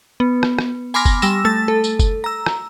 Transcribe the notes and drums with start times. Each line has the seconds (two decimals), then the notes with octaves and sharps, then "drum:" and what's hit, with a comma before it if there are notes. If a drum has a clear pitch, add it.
0.20 B3
0.43 drum: rim click
0.59 drum: rim click
0.94 G#5 B5 C6 D6 F6 A#6
1.06 drum: kick F#1, tambourine
1.22 G3 E6 A#6 E7, drum: tambourine
1.45 A3 E6 A6
1.68 A4
1.84 drum: tambourine
1.99 drum: kick F#1, tambourine
2.24 A#5 E6
2.46 drum: rim click